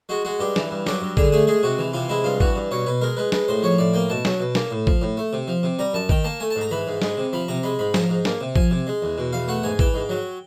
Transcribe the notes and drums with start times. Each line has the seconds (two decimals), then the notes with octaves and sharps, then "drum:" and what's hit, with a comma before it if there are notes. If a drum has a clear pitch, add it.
0.09 G#3 F#4
0.25 G#3 F#4
0.39 G2 G4
0.56 E3, drum: snare
0.71 G2
0.86 F#3 G4, drum: snare
1.01 G2
1.17 D3 G#4, drum: kick
1.32 A3 G#4
1.47 G#3 G#4
1.63 C3 F#4
1.78 E3
1.93 C3 F4
2.09 G#3 E4
2.24 G2 F4
2.40 E3 F#4, drum: kick
2.56 G2
2.71 B2 C#5
2.86 B2 B4
3.01 G#3 A#4
3.17 G#3 B4
3.32 G#3 B4, drum: snare
3.48 A2 C5
3.63 F3 C#5
3.78 A2 D5
3.94 A#3 G5
4.09 B2 A5
4.25 F#3, drum: snare
4.40 B2
4.55 A#3, drum: snare
4.71 A2
4.87 F3, drum: kick
5.02 A2
5.17 A3
5.33 C3
5.48 F3
5.63 C3
5.79 G3 A#5
5.94 F#2 A5
6.09 D#3 G5, drum: kick
6.24 A#3 A5
6.40 A3 G#5
6.50 A5
6.56 G#2
6.61 A#5
6.71 E3 B5
6.87 G#2
7.02 G#3, drum: snare
7.17 C3
7.33 F3 B5
7.48 C3 A#5
7.63 G#3 B5
7.79 G#2 B5
7.94 F3 A#5, drum: snare
8.10 G#2
8.25 A#3, drum: snare
8.41 C3
8.56 F3 G#5, drum: kick
8.71 C3
8.87 G#3
9.02 E2
9.18 B2
9.33 E2 F5
9.48 A3 F#5
9.63 G#2 G#5
9.79 E3 G5, drum: kick
9.94 G#2
10.09 F#3